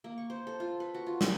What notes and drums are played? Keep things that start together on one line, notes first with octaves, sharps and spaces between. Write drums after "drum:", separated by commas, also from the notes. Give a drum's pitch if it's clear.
A#3
C#6
C5
A4
F4
B4
F#4
F4
F#3, drum: snare